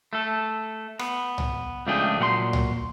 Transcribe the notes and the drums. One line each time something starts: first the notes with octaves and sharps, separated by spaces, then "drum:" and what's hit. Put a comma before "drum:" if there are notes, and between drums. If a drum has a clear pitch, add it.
A3 A4
B3, drum: rim click
drum: tom C2
C#2 F3 A3 D4 G#4 G5
A#2 F#3 F#5 C6
drum: tom C2